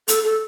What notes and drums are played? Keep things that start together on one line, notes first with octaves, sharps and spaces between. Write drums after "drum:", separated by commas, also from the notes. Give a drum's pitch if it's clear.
A4, drum: hi-hat
A4